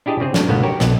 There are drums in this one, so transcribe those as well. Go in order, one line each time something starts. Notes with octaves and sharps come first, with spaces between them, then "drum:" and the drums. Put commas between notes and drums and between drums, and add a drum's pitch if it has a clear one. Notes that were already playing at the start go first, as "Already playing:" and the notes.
D4 E4 G4 G#4 D#5 A5
C#3 C4 G#4
A3 D4 C#5, drum: snare
C#2 G#2 B2 D3 A#3 B3
F#4 G4 A#4 C#5
B1 B3 A4 F#5, drum: snare